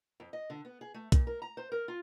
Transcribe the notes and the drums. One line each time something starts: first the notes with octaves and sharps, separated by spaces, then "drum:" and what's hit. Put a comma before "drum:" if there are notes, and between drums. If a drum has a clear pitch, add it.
F2
D#5
D3
B3
G#4
A3
A#2, drum: kick B1, hi-hat
A#4
A#5
C5
A#4
F4